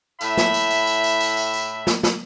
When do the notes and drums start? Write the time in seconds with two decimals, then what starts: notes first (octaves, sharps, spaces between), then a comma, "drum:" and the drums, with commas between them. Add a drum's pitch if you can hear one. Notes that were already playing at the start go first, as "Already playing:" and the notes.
0.21 A2 E5 B5, drum: tambourine
0.37 drum: snare
0.54 drum: tambourine
0.71 drum: tambourine
0.87 drum: tambourine
1.04 drum: tambourine
1.20 drum: tambourine
1.37 drum: tambourine
1.54 drum: tambourine
1.87 drum: snare
2.03 drum: snare